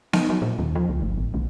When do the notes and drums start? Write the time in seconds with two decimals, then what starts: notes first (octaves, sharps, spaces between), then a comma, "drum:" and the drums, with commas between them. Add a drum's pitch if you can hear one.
0.13 D#4, drum: snare B3
0.30 F#3
0.42 A#2
0.59 D#2
0.75 F3
0.89 C#2
1.02 G1
1.17 A1
1.34 B1